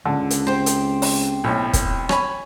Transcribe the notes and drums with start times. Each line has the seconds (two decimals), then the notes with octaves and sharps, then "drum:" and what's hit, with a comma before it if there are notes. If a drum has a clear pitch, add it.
0.06 C#2 D3
0.31 drum: hi-hat
0.47 C4 G4 C5
0.66 drum: hi-hat
1.02 drum: open hi-hat
1.44 B1 A2
1.73 drum: kick, hi-hat
2.09 C#5 G#5 B5, drum: rim click